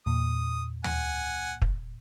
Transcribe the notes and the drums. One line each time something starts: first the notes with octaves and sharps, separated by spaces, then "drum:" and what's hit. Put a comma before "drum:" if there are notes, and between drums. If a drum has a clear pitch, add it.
E2 A#2 D#6
F#5 G#5, drum: tom D2
drum: kick